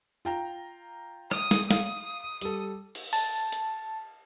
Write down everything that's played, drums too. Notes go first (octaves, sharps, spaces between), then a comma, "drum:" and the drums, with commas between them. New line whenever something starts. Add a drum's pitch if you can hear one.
F4 G5 A#5
D#6, drum: rim click
drum: snare
F5 D#6, drum: snare
G3 A4, drum: hi-hat
drum: cymbal
A5, drum: open hi-hat
drum: hi-hat